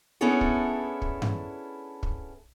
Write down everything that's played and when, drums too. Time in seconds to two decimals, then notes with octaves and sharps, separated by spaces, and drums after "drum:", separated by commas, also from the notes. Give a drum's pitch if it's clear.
0.21 B3 C#4 D4 E4 G#4 A4
0.41 drum: kick
1.02 drum: kick
1.22 drum: tom G2
2.03 drum: kick